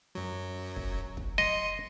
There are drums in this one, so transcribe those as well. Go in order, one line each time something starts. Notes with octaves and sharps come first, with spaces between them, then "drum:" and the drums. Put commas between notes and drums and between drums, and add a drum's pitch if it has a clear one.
F#2 F#3
drum: kick
drum: kick
D#5 C6 C#7, drum: snare